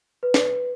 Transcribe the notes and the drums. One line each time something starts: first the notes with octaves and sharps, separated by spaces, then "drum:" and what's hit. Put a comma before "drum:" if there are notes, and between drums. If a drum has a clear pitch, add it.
B4
drum: snare